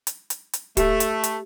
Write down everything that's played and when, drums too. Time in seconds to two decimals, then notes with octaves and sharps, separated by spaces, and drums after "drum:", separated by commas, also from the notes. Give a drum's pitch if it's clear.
0.07 drum: hi-hat
0.30 drum: hi-hat
0.53 drum: hi-hat
0.77 A3 G4, drum: kick, hi-hat
1.00 drum: hi-hat
1.24 drum: hi-hat